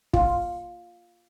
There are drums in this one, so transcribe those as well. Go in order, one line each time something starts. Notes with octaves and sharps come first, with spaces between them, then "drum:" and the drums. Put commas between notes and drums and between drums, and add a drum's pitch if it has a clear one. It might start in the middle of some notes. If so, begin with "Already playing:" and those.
F4, drum: kick